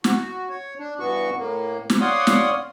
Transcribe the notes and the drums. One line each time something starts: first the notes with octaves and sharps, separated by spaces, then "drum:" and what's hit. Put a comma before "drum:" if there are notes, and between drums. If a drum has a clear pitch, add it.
F#4, drum: snare
C#5
D4
G2 E3 B3 F#4 C#6
A2 A#3
drum: snare
C#5 D5 F5 F#5 C6 D#6
drum: snare